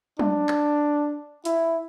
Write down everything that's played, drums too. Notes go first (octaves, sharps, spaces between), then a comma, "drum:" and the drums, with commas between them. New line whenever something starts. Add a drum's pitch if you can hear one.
D4, drum: tom F#3
drum: clap
E4, drum: hi-hat